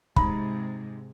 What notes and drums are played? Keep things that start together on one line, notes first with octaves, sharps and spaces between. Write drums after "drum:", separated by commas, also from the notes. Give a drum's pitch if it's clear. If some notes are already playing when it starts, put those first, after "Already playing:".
G#2 C3 G#3 D#4 B5, drum: kick